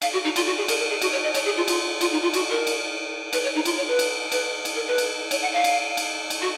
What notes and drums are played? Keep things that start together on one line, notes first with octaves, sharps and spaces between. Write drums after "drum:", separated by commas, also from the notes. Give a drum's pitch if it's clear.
F5, drum: cymbal
F#4
D#4
F4, drum: cymbal
F#4
G#4
A#4, drum: cymbal
A#4
G#4
F#4, drum: cymbal
C#5
D#5
C#5, drum: cymbal
G#4
F4
F4, drum: cymbal
F4, drum: cymbal
D#4
F4
F#4, drum: cymbal
A#4
drum: cymbal
B4, drum: cymbal
C#5
D#4
F4, drum: cymbal
C#5
B4
drum: cymbal
B4, drum: cymbal
drum: cymbal
A#4
B4
drum: cymbal
C#5, drum: cymbal
F#5
F5
drum: cymbal
drum: cymbal
drum: cymbal
F#4